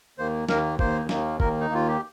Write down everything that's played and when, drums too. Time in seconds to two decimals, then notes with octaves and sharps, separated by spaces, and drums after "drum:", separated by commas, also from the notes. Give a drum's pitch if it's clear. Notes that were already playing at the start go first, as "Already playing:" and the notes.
0.18 D#2 D#3 A#3 C5
0.49 D#2 D#3 A#3 A#4, drum: snare
0.79 D#2 D#3 A#3 C5, drum: kick
1.09 D#2 D#3 A#3, drum: snare
1.40 D#2 D#3 A#3 A#4, drum: kick
1.61 D#4
1.70 D#2 D#3 A#3 F4
1.88 G4